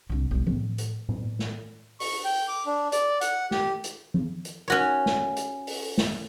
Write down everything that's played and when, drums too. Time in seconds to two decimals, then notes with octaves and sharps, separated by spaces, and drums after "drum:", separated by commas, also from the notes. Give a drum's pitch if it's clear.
0.09 C2 D3
0.31 B1 G#3
0.47 A2, drum: tom F3
0.78 drum: hi-hat
1.09 drum: tom A2
1.39 drum: snare
2.00 C#6, drum: open hi-hat
2.25 G5
2.48 D6
2.66 D4
2.92 D5, drum: hi-hat
3.21 F#5, drum: hi-hat
3.51 G4, drum: snare
3.84 drum: hi-hat
4.14 drum: tom F3
4.45 drum: hi-hat
4.68 C#4 F#4 C#5
5.06 drum: snare
5.37 drum: hi-hat
5.67 drum: open hi-hat
5.98 drum: snare